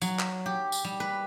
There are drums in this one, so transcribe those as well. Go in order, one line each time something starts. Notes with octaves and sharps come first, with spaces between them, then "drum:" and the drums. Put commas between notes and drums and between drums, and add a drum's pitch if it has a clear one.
F#3, drum: tambourine
drum: clap
G4
drum: tambourine
G3
B4